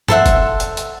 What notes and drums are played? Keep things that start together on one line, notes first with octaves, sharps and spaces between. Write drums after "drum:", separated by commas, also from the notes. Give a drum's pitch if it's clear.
A4 C5 E5 F#5, drum: tom G2
drum: kick, hi-hat
drum: hi-hat
drum: hi-hat